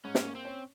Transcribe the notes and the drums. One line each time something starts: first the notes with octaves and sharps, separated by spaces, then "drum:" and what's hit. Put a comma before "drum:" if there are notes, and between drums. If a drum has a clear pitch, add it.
G#2 C#4
drum: snare
A#3
C4
C#4